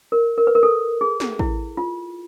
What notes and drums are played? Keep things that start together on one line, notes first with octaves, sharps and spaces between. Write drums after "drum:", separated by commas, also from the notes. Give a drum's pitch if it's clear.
A#4
A#4
B4
A#4
A4
G#4
drum: snare
E4, drum: kick A1
F4